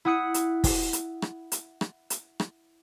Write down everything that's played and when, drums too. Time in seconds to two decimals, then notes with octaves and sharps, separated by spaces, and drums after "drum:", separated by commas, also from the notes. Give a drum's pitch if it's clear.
0.05 E4 F#5 D#6 F#6 C#7
0.34 drum: hi-hat
0.64 drum: kick, open hi-hat
0.93 drum: hi-hat
1.22 drum: rim click
1.52 drum: hi-hat
1.81 drum: rim click
2.10 drum: hi-hat
2.40 drum: rim click